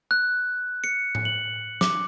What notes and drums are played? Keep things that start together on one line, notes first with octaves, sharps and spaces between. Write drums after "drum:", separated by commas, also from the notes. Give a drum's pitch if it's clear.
F#6
C#7
drum: tom A2
F#7
D6, drum: snare